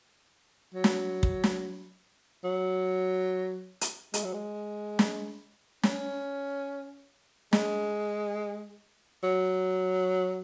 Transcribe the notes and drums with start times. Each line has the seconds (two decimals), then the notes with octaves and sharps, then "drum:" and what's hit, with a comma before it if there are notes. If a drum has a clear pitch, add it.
0.74 F#3
0.84 drum: snare
1.23 drum: kick
1.44 drum: snare
2.44 F#3
3.81 drum: hi-hat
4.14 G#3, drum: hi-hat
4.24 F#3
4.33 G#3
4.99 drum: snare
5.83 C#4, drum: snare
7.53 G#3, drum: snare
9.23 F#3